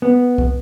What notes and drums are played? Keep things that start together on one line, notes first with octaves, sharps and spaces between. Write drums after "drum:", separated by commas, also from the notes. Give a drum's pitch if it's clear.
B3
drum: kick C2